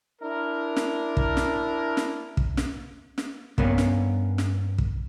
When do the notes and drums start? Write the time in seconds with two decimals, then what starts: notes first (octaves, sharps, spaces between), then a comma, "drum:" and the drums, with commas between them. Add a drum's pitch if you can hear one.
0.21 D4 E4 A#4
0.76 drum: snare
1.17 drum: kick
1.37 drum: snare
1.97 drum: snare
2.37 drum: kick
2.57 drum: snare
3.18 drum: snare
3.58 G2 A#3 B3 C#4 B4, drum: kick
3.78 drum: snare
4.38 drum: snare
4.78 drum: kick